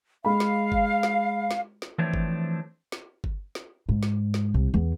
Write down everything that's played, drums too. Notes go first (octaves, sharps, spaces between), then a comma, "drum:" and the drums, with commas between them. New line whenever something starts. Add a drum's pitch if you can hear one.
G#3 F5 B5
drum: snare
drum: kick G1
drum: snare
drum: snare
drum: snare
E3 F3 A3 C4 D4 C#5
drum: kick G1
drum: snare
drum: kick G1
drum: snare
G#2
drum: snare
drum: snare
C2
E2